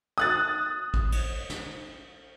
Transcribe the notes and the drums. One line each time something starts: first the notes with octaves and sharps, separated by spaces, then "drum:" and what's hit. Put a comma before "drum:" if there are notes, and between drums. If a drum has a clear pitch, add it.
D#6 F#6 A6
drum: kick A1
drum: cymbal
drum: snare